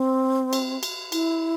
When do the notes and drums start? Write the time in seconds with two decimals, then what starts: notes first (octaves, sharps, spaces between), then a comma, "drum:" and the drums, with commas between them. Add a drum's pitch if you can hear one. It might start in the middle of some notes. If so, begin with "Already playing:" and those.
Already playing: C4
0.53 drum: cymbal
0.83 drum: cymbal
1.12 E4, drum: cymbal